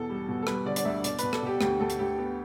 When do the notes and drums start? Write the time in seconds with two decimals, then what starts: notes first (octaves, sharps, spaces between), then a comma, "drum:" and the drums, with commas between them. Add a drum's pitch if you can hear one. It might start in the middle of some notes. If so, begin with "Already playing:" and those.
Already playing: E2 B2 A4
0.09 G3
0.28 B2
0.42 A4
0.47 G3 B4, drum: rim click
0.66 D3 D5
0.76 D5, drum: hi-hat
0.85 D2 E5
1.04 B2 D5, drum: hi-hat
1.19 B2 B4, drum: hi-hat
1.33 A4, drum: rim click
1.42 B2 G4
1.61 D2 G4, drum: rim click
1.80 D2 A4
1.90 drum: hi-hat
1.99 D2 G4
2.18 B3